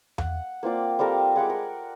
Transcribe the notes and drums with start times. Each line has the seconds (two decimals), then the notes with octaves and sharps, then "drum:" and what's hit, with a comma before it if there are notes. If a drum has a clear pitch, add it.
0.18 F#5, drum: tom E2
0.63 A#3 C4 F4 D5
0.99 G3 C4 A4 A#4
1.36 G#3 F#5 B5 D6
1.50 A#4